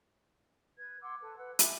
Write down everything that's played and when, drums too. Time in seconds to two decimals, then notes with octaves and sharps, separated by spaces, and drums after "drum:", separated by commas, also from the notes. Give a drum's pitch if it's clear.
0.77 B4 G#6
1.01 F#5 C6 D6 E6
1.20 A4 B4
1.35 B4 F#5 E6
1.59 E5 G#5 B5 D6, drum: hi-hat